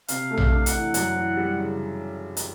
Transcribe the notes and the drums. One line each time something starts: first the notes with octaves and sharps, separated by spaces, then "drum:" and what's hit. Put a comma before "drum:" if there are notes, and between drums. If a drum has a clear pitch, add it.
C3 F5, drum: hi-hat
A3
F5, drum: tom A#1
D4
F#5, drum: hi-hat
E3
F#2, drum: hi-hat
E3
G3
C#3
drum: hi-hat